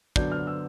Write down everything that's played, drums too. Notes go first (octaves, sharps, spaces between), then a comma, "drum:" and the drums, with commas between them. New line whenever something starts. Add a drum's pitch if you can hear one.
D3 F#3 B3 D4 G6, drum: kick
F6
E6